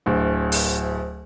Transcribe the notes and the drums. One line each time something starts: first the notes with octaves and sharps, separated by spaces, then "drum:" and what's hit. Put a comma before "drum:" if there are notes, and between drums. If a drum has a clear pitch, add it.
D1 D2
drum: open hi-hat